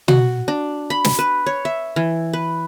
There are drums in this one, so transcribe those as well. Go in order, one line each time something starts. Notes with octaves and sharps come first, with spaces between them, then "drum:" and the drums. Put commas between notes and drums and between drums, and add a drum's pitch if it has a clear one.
F#4, drum: tom B2
D4
B5
drum: snare
B4
C#5
E5
E3
B4